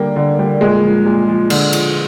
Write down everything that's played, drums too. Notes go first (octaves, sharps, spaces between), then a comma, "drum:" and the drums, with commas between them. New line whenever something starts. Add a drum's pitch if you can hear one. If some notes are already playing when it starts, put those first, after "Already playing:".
Already playing: D3 G3 A#3
D3
G3
A#2 G#3
F3
A#2
F3
D3, drum: cymbal
F3, drum: cymbal